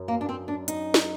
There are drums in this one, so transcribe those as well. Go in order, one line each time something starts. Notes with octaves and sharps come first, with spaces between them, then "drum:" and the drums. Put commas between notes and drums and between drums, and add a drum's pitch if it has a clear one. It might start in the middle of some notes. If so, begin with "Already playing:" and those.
Already playing: F#2
A#3
D4
C4
D4
D#4, drum: hi-hat
drum: snare